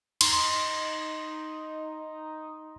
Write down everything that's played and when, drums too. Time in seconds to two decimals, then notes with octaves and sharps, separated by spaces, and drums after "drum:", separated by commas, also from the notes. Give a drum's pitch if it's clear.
0.21 D#4 C6, drum: cymbal